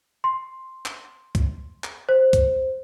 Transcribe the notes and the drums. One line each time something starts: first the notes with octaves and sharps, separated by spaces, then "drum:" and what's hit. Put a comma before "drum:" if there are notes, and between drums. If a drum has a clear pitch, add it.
C6
drum: clap
drum: kick C#2, hi-hat
drum: clap
C5
drum: kick C#2, hi-hat